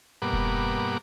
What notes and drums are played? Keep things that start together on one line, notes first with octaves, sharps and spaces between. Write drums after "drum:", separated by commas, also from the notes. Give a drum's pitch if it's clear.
G2 B2 A#3 F#5 D6
drum: kick E1